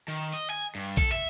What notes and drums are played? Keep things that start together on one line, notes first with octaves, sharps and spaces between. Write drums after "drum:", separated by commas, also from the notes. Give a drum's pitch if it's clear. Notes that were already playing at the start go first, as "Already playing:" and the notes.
D#3
D#5
G#5
G2
A4, drum: kick B1, open hi-hat
E5